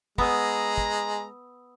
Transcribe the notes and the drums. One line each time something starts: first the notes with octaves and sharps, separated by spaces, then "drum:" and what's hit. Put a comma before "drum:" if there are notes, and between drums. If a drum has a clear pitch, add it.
G#3 B3 A#5 B5 D#6 E6, drum: kick
drum: kick